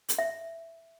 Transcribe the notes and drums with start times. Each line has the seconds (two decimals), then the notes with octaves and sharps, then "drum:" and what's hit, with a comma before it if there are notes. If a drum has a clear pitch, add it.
0.09 drum: hi-hat
0.18 E5